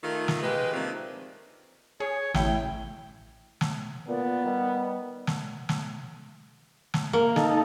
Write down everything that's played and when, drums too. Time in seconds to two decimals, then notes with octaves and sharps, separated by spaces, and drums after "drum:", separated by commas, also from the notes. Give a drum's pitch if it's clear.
0.02 D#3 A3 F4
0.28 drum: snare
0.42 G#3 G4 B4
0.73 D#3 F3 A3 A#3 C4 D4
2.00 G#4 C#5
2.34 A1 E4 G5, drum: snare
3.61 drum: snare
4.08 A#2 B3 D5
4.44 D#3 G3
5.27 drum: snare
5.69 drum: snare
6.94 drum: snare
7.13 A#3
7.36 D#4 A4, drum: snare